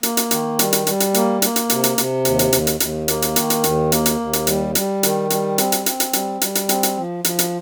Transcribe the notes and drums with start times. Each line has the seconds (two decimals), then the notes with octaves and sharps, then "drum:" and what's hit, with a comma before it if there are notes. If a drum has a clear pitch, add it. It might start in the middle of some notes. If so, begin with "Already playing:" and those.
0.03 A#3, drum: hi-hat
0.17 drum: hi-hat
0.31 D#3, drum: hi-hat
0.59 G3, drum: hi-hat
0.73 drum: hi-hat
0.87 G3, drum: hi-hat
1.00 drum: hi-hat
1.14 A#3, drum: hi-hat
1.42 A#3, drum: hi-hat
1.56 drum: hi-hat
1.70 C3, drum: hi-hat
1.84 drum: hi-hat
1.98 C3, drum: hi-hat
2.25 D#2, drum: hi-hat
2.39 drum: hi-hat
2.53 D#2, drum: hi-hat
2.67 drum: hi-hat
2.80 D#2, drum: hi-hat
3.08 A#3, drum: hi-hat
3.22 drum: hi-hat
3.36 D#3, drum: hi-hat
3.50 drum: hi-hat
3.64 D#2, drum: hi-hat
3.92 A#3, drum: hi-hat
4.06 drum: hi-hat
4.20 D#2
4.33 drum: hi-hat
4.47 G3, drum: hi-hat
4.75 G3, drum: hi-hat
5.03 D#3, drum: hi-hat
5.30 G3, drum: hi-hat
5.58 C4, drum: hi-hat
5.72 drum: hi-hat
5.86 C4, drum: hi-hat
6.00 drum: hi-hat
6.13 G3, drum: hi-hat
6.41 G3, drum: hi-hat
6.55 drum: hi-hat
6.69 C4, drum: hi-hat
6.83 drum: hi-hat
6.97 F3
7.24 F3, drum: hi-hat
7.39 drum: hi-hat